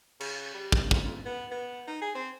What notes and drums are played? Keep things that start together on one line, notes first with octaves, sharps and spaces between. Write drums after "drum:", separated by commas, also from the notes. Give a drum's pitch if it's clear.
C#3, drum: cymbal
G3
drum: kick
F2, drum: kick
F2
B3
B3
D#4
G#4
C4